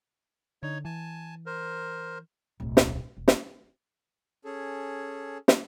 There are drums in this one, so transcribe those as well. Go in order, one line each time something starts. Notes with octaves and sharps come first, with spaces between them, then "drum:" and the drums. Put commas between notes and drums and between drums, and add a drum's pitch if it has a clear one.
D3 D#4 C#5
E3 G#5 A5
A#4 C5
D1 B1
drum: snare
E1
drum: snare
C#4 G#4 A4
drum: snare